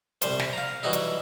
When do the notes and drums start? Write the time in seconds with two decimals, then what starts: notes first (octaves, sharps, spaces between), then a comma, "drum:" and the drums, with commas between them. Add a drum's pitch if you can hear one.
0.22 C2 G3 C5, drum: hi-hat
0.39 drum: snare
0.53 F5 A#5
0.83 E3 F#3 G3 D#4 E4
0.93 drum: hi-hat